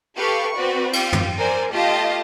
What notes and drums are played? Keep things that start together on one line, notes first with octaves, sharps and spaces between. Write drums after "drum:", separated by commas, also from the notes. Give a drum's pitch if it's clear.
G4 A4 B4 F5 C#6
C4 F#4 B4 D5
F4 G4, drum: cymbal
drum: tom
A#4 C5 D5 G#5
A3 F4 G4 D#5 A5